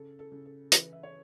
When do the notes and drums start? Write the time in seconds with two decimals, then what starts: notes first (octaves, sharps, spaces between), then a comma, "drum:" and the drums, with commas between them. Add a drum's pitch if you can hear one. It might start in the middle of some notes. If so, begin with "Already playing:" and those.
Already playing: C#3 A4
0.19 A4
0.32 C#3
0.45 A4
0.72 E3 B4, drum: hi-hat
0.92 E5
1.03 C#5